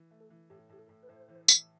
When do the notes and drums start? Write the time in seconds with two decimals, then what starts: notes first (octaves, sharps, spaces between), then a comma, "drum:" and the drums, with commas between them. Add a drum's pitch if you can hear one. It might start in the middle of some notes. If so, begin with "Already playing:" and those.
Already playing: E3
0.10 A3
0.20 A4
0.30 E3
0.50 A2 G4
0.69 A2 G4
0.79 A4
0.89 A2
1.03 B4
1.09 A2 C5
1.28 E3
1.48 E3, drum: tambourine